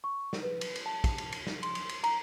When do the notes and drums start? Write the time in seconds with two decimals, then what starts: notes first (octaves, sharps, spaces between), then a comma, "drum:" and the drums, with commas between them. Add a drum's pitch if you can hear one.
0.04 C#6
0.33 drum: snare
0.43 B4
0.61 drum: cymbal
0.76 drum: cymbal
0.86 A5
1.04 drum: kick, cymbal
1.18 drum: cymbal
1.32 drum: cymbal
1.47 drum: snare
1.63 C6, drum: cymbal
1.75 drum: cymbal
1.89 drum: cymbal
2.04 A#5, drum: cymbal